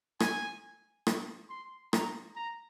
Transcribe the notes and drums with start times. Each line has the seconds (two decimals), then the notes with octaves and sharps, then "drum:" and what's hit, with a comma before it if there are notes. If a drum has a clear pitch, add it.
0.20 G#5, drum: rim click
1.07 drum: rim click
1.49 C6
1.93 A#5, drum: rim click
2.36 A#5